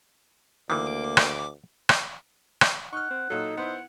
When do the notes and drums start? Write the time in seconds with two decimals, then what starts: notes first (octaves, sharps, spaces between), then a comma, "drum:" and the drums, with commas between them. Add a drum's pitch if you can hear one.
0.70 D2 D#3 E3 A#3 D6
1.17 drum: rim click
1.89 drum: rim click
2.61 drum: rim click
2.93 D#4 F#5 C#6 F6
3.10 C4
3.30 A#2 F#3 D#4 A4
3.57 B3 E4 C5 F#5